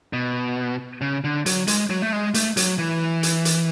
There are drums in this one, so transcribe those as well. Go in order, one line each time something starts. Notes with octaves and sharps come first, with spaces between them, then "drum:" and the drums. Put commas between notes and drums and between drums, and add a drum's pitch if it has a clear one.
B2
C#3
D3
F#3, drum: hi-hat
G#3, drum: hi-hat
F#3
A3
G#3
A3, drum: hi-hat
F#3, drum: hi-hat
E3
drum: hi-hat
drum: hi-hat